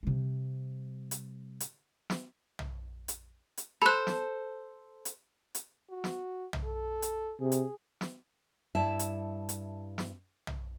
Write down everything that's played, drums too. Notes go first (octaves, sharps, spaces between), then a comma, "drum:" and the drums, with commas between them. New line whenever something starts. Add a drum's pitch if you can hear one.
C3 G3
drum: hi-hat
drum: hi-hat
drum: snare
drum: tom B1
drum: hi-hat
drum: hi-hat
A4 C5 B5 F#6
drum: snare
drum: hi-hat
drum: hi-hat
F#4
drum: snare
drum: tom B1
A4
drum: hi-hat
C3 G#4
drum: hi-hat
drum: snare
G2 E4 E5 A5
drum: hi-hat
drum: hi-hat
drum: snare
drum: tom B1